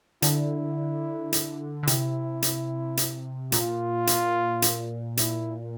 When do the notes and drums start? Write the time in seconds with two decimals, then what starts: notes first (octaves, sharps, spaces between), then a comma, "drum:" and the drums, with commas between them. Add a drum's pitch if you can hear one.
0.22 D3 E4, drum: hi-hat
1.33 drum: hi-hat
1.83 D3
1.87 C3 E4, drum: hi-hat
2.42 drum: hi-hat
2.97 drum: hi-hat
3.52 A#2 F4, drum: hi-hat
4.07 drum: hi-hat
4.62 drum: hi-hat
5.17 E4, drum: hi-hat